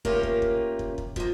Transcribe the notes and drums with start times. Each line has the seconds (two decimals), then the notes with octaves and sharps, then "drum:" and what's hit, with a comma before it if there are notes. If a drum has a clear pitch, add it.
0.05 A3 A#3 C#4 F4 G4 A#4, drum: kick
0.23 drum: kick
0.42 drum: kick
0.79 drum: kick
0.98 drum: kick
1.16 F3 A#3, drum: kick